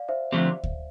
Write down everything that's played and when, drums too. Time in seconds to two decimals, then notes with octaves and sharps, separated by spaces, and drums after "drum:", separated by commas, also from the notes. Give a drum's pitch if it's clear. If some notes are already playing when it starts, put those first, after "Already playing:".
Already playing: D5 F5
0.08 C5 E5
0.32 D3 F3 A3 C4 G4
0.64 drum: kick D2